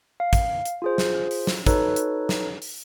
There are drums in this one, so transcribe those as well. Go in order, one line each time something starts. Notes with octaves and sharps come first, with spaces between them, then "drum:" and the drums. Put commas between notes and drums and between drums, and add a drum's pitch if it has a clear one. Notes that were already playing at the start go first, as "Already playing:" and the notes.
F5
drum: kick, hi-hat
drum: hi-hat
F4 G#4 C5
drum: snare
drum: open hi-hat
drum: snare
D#4 F#4 A4 B4 C#5, drum: kick, hi-hat
drum: hi-hat
drum: snare
drum: open hi-hat